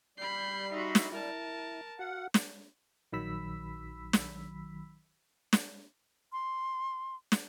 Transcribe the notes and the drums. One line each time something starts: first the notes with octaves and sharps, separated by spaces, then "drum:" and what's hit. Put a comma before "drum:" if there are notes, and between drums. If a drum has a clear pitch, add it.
G3 B5 G6 C7
D#4 F#4 E5 B5 C6
drum: snare
E4 A#4 A5
F#4 F5 F#5
drum: snare
A#1 D#3 F#3 B5 E6 B6
drum: snare
drum: snare
C6
drum: snare